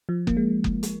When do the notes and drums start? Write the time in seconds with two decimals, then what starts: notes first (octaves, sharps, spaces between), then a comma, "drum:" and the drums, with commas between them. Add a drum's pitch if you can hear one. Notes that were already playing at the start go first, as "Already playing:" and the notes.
0.09 F3
0.27 A#3, drum: kick F#1
0.37 G#3
0.64 drum: kick F#1
0.83 drum: hi-hat